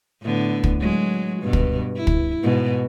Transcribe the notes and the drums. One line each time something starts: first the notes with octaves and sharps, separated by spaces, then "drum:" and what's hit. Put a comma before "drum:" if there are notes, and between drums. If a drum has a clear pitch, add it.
A2 D3 B3
drum: kick
F#3 G#3
G2 B2
drum: kick
E4
drum: kick
G#2 B2